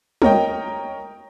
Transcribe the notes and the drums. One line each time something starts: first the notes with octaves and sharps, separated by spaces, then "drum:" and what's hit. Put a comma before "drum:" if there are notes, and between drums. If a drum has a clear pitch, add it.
A#4 C#5 D#5 G5, drum: tom G3